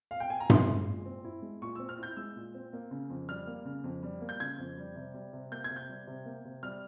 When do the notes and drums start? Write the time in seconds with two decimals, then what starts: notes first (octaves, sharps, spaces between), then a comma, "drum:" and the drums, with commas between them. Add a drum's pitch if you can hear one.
0.11 F5
0.20 G5
0.30 G#5
0.40 A#5
0.50 E4 C6, drum: tom G2
0.68 G#3
0.87 A#2
1.06 C4
1.25 E4
1.42 G#3
1.62 A#2 C#6
1.76 C4 E6
1.89 F6
1.99 E4 G6
2.17 G#3 E6
2.36 A#2
2.54 C4
2.73 A#3
2.91 C#3
3.10 F2
3.29 G3 F6
3.47 A#3
3.65 C#3
3.84 F2
4.03 G3
4.21 A#3
4.29 G6
4.40 C#3 G#6
4.59 F2
4.78 G3
4.96 C3
5.14 G3
5.33 C3
5.52 A#3 G6
5.64 G#6
5.70 C3
5.76 G6
5.89 G3
6.07 C3
6.26 A#3
6.45 C3
6.63 G3 F6